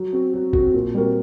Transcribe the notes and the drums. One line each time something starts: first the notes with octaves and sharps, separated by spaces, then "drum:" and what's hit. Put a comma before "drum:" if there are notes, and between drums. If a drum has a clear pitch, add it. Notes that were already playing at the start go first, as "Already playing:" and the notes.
Already playing: F#3
C4 F#4
F#3
C4 F#4, drum: kick A1
A#2
G3 C4 F#4 A#4